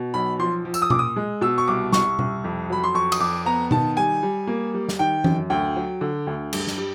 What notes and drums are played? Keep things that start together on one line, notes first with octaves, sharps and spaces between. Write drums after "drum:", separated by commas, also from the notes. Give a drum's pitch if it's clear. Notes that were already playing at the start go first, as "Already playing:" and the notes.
Already playing: B2
B1 B5
F3 C6
F3
E6, drum: tambourine
D#6
A#2 D6, drum: tom B2
D#6
G#3
B2 E6
C#6
C2 D6
C2 C#6, drum: snare
C2, drum: tom B2
F2
F#3 B5
C6
F2 C#6
D#6, drum: cymbal
F2 D6
B3 A#5
D#3 A5, drum: tom B2
G3 G#5
G3
A#3
G3
drum: snare
D#3 G5
F#2, drum: tom E3
D2 G5
F#3
D3
D2
G2, drum: cymbal
drum: snare
G3